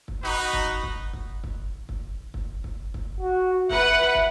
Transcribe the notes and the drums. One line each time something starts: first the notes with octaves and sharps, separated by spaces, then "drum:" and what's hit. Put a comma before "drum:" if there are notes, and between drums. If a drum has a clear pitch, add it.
drum: kick
D#4 F#4 B4
drum: kick
drum: kick
drum: kick
drum: kick
drum: kick
drum: kick
drum: kick
drum: kick
F#4
B4 E5 F#5, drum: kick
drum: kick